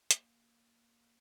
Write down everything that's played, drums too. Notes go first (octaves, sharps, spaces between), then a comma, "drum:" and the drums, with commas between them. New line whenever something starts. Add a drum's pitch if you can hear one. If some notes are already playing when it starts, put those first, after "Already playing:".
A#3, drum: hi-hat